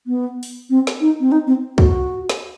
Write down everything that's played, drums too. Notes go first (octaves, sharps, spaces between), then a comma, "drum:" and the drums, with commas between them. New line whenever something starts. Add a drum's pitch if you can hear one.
B3
drum: open hi-hat
C4
drum: snare
D#4
C4
D#4
C4
F#4, drum: kick
drum: snare